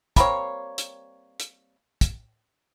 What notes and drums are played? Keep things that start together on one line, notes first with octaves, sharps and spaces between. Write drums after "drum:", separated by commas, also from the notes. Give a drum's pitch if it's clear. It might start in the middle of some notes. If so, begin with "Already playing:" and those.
G3 A#3 C4 C#5, drum: kick, hi-hat
drum: hi-hat
drum: hi-hat
drum: kick, hi-hat